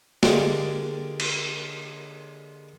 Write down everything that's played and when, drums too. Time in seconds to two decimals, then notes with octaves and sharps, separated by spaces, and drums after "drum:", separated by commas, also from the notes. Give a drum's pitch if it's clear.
0.23 D3 G#3 A#3 D4 G4 G#4, drum: snare
1.20 drum: cymbal